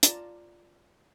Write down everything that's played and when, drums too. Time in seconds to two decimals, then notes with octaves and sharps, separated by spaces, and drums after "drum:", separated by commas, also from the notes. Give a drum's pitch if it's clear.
0.03 F4 D5 A5 A#5, drum: hi-hat